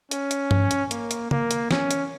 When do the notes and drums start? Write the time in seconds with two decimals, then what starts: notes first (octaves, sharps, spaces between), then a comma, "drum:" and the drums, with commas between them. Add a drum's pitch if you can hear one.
0.11 C#4, drum: hi-hat
0.31 drum: hi-hat
0.51 drum: tom G2
0.71 drum: hi-hat
0.91 A#3, drum: hi-hat
1.11 drum: hi-hat
1.31 A#3, drum: tom C#3
1.51 drum: hi-hat
1.71 C#4, drum: snare
1.91 drum: hi-hat